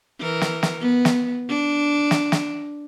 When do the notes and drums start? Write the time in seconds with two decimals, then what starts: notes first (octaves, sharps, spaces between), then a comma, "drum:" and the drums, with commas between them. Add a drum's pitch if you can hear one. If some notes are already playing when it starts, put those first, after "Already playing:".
0.20 E3 A#4
0.41 drum: snare
0.63 drum: snare
0.81 B3
1.05 drum: snare
1.49 D4
2.11 drum: snare
2.32 drum: snare